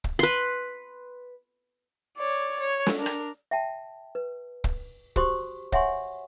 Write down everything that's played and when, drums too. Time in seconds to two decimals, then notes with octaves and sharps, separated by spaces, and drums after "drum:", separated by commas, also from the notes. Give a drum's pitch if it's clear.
0.04 drum: kick
0.19 B4 C6
2.17 C#5 D5
2.61 C#5
2.86 drum: snare
2.97 D4 A#4
3.06 drum: rim click
3.51 E5 G5 A5
4.15 B4
4.64 drum: kick
5.16 F#4 G4 C5 C6 C#6 D#6, drum: kick
5.72 C#5 E5 F#5 G#5 C6 C#6, drum: kick